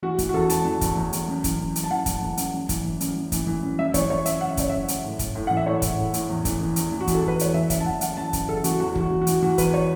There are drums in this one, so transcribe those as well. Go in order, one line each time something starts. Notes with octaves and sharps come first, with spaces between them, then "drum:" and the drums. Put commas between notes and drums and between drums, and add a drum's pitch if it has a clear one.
E3 F#4
E3, drum: kick, hi-hat
F#4
E2 A4
E2 A5, drum: hi-hat
E3
E2, drum: kick, hi-hat
E2
E2, drum: hi-hat
F#2
E3, drum: kick, hi-hat
F#2
F#2, drum: hi-hat
A5
E3 F#5
E3, drum: kick, hi-hat
E3
F#2, drum: hi-hat
F#2
E3, drum: kick, hi-hat
E3
F#2, drum: hi-hat
F#2
E3, drum: kick, hi-hat
E3
F#2
F#2 E5
E3 C#5, drum: kick, hi-hat
F#2 C#5
F#2 E5, drum: hi-hat
C#3 F#5
E5
F#2 C#5, drum: kick, hi-hat
C#3 E5
F#2, drum: hi-hat
A2
A2, drum: kick, hi-hat
A2
E3 F#5
E5
A2 C#5
A2, drum: kick, hi-hat
A2
A2, drum: hi-hat
E2
E3, drum: kick, hi-hat
E3
E2, drum: hi-hat
E3
F#4
E3, drum: kick, hi-hat
A4
E3 B4
E2 C#5, drum: hi-hat
E3 E5
F#2 E5, drum: kick, hi-hat
A5
E3 F#5
E3 F#5, drum: hi-hat
E3 A5
F#2, drum: kick, hi-hat
C#3 A4
E3 F#4, drum: hi-hat
E2 F#4
E2, drum: kick
F#4
E3
F#4
E3, drum: hi-hat
E3 F#4
E2 B4, drum: kick, hi-hat
C#5